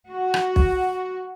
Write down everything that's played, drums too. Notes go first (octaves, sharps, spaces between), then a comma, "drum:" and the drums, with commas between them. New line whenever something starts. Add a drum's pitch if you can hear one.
F#4
drum: rim click
drum: kick